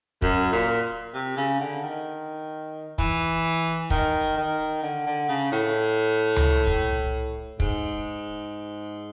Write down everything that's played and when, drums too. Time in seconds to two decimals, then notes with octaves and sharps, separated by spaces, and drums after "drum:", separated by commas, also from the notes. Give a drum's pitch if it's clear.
0.22 F#2, drum: kick
0.52 A#2
1.14 C3
1.37 C#3
1.60 D3
1.83 D#3
2.98 E3, drum: kick
3.90 D#3, drum: kick
4.37 D#3
4.83 D3
5.06 D3
5.29 C#3
5.52 A2
6.36 drum: tom C#2
6.67 drum: kick
7.60 G#2, drum: kick